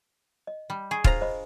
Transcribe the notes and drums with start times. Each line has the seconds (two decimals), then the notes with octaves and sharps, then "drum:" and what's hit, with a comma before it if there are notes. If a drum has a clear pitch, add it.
0.47 D#5
0.70 G3
0.91 G#4 G#5 C#6
1.04 D4 F4 C5 A#5, drum: kick
1.21 C5 D#5 B5